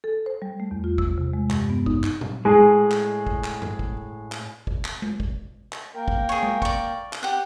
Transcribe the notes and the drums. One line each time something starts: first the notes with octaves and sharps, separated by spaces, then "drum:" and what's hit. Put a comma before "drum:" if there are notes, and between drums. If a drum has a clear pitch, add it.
A4
C5
G3
A3
E2
F4
E6, drum: kick
C3
G#3
G2, drum: clap
B3
D#4, drum: kick
drum: clap
drum: tom A#2
A2 G#3 G#4
drum: clap
drum: kick
drum: clap
drum: tom G2
drum: kick
drum: clap
drum: kick
drum: clap
drum: tom G#3
drum: kick
drum: clap
A#3 A#4 G5
drum: kick
G#4 C#5
drum: tom G#3
D5 C#6, drum: kick
drum: clap
G4 F#5